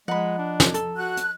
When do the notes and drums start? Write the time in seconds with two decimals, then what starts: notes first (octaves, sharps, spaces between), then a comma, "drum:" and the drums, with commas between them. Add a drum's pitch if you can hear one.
0.08 F3 G#3 D#5 F#5 A#5 B5
0.38 D4
0.60 drum: snare
0.74 A4, drum: hi-hat
0.96 F#4 F#6
1.17 drum: hi-hat